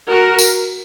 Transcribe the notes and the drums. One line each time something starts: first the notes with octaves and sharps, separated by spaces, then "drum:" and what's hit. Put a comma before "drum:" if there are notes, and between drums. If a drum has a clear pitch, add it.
F#4 A#4
drum: tambourine